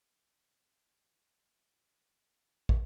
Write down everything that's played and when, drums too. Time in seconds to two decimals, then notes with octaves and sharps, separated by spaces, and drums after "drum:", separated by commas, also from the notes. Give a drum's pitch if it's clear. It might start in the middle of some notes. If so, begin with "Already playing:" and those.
0.21 A#4
0.37 B4 C#5 A#5
1.17 D#4 B4 E5 A#5
1.52 D6
2.31 F4 C5 A#5 D6
2.69 drum: kick